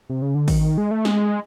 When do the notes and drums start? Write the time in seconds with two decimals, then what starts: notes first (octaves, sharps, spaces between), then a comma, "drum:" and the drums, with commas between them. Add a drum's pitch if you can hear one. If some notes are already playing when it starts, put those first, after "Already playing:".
0.09 C3
0.22 C#3
0.35 D3
0.48 D#3, drum: kick, open hi-hat
0.78 G#3
0.91 A3
1.05 G#3, drum: snare